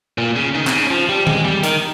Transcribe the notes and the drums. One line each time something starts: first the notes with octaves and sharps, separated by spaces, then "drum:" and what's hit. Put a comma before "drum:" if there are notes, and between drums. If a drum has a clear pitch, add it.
A#2
C#3
D#3
C3, drum: clap
C#3
F3
G3
G#3, drum: tom D#3
G3
D#3, drum: hi-hat